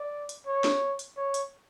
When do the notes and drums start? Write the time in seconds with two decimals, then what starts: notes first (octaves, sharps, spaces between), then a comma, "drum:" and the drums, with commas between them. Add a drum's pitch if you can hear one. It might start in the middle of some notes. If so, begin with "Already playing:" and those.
Already playing: D5
0.29 drum: hi-hat
0.47 C#5
0.64 drum: snare
0.99 drum: hi-hat
1.17 C#5
1.34 drum: hi-hat